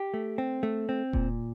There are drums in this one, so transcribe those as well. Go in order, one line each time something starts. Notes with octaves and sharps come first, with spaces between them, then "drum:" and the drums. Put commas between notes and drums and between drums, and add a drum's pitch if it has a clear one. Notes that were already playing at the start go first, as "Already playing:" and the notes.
Already playing: G4
A3
C4
A3
C4
A#2, drum: kick E1